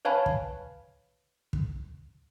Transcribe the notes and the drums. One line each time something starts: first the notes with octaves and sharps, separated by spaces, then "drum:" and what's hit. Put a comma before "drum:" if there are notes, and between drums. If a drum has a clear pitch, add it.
B4 C#5 F5 G#5 A5 B5
drum: kick
drum: kick